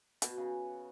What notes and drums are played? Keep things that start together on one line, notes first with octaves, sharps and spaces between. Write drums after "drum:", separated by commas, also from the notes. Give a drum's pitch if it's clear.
B2, drum: hi-hat
C#3